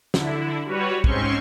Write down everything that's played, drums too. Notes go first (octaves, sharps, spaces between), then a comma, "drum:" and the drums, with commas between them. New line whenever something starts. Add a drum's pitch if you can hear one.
D3 E4, drum: snare
G3 F#4 B4 C#5
G#2 C4 C#4 C6 C#6, drum: kick